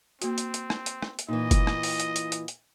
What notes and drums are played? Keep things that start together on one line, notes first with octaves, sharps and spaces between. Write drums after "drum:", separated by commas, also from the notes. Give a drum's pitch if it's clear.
A#3 C4 F#4, drum: hi-hat
drum: hi-hat
drum: hi-hat
drum: rim click
drum: hi-hat
drum: rim click
drum: hi-hat
A#2 E3 D#4 D#5
drum: kick F#1, hi-hat
drum: rim click
drum: open hi-hat
drum: hi-hat
drum: hi-hat
drum: hi-hat
drum: hi-hat